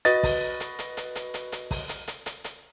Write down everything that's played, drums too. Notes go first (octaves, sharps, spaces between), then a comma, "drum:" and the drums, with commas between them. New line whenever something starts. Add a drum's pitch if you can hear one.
F#4 B4 D#5 A6, drum: hi-hat
drum: kick, open hi-hat
drum: hi-hat
drum: hi-hat
drum: hi-hat
drum: hi-hat
drum: hi-hat
drum: hi-hat
drum: kick, open hi-hat
drum: hi-hat
drum: hi-hat
drum: hi-hat
drum: hi-hat